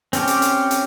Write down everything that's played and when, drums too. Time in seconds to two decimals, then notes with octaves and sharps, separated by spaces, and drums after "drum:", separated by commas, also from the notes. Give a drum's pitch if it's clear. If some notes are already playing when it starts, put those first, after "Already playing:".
0.13 C4 C#4 G4, drum: hi-hat
0.27 drum: hi-hat
0.42 drum: hi-hat
0.71 drum: hi-hat